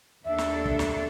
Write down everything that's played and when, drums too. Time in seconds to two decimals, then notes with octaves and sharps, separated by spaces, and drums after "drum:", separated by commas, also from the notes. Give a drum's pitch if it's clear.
0.25 D#2 D4 A4 E5
0.38 drum: snare
0.66 drum: kick
0.79 drum: snare